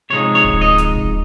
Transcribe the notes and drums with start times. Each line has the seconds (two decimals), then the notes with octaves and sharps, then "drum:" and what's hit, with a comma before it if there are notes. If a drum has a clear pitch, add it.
0.10 C3 F3 G#3 D#4 C#5
0.35 C#5
0.44 drum: kick D1
0.61 D#5
0.78 drum: snare
0.95 drum: kick D1